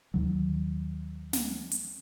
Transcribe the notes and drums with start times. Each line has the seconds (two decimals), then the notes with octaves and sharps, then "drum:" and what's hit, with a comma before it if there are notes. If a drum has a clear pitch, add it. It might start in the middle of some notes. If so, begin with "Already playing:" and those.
0.14 D#2 D#3 F#3
1.33 drum: snare
1.72 drum: hi-hat